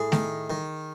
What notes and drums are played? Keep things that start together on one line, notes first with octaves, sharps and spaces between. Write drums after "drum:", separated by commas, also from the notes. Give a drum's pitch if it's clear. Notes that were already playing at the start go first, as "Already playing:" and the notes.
Already playing: A2 G#4
D#3, drum: snare A3
D#3